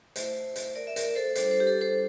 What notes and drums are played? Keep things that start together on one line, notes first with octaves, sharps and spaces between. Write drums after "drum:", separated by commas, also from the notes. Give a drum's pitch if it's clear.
A3 E4 C5 E5, drum: hi-hat
drum: hi-hat
A#4 D5
E5
A#4 D5, drum: hi-hat
A4 C5
G3 D4 F4 A4 C5, drum: hi-hat
A4 C5
G4
A4
A4 C5